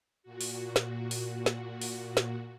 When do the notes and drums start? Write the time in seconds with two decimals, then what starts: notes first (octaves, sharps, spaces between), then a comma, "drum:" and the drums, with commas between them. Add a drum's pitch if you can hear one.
0.23 A#2 F#4
0.41 drum: open hi-hat
0.76 drum: snare
1.11 drum: open hi-hat
1.46 drum: snare
1.82 drum: open hi-hat
2.17 drum: snare